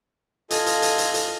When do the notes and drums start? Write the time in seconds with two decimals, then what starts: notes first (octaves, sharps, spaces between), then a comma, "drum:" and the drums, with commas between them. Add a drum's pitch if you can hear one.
0.50 F4 A4 D#5 G#5 D#6, drum: hi-hat
0.66 drum: hi-hat
0.82 drum: hi-hat
0.98 drum: hi-hat
1.14 drum: hi-hat